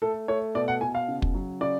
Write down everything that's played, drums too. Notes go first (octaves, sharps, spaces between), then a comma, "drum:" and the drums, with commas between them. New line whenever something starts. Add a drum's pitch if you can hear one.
A3 A4
A3 C#5
B2 D5
F#5
B2 G#5
F5
C#3
drum: kick
F#3
C#3 D5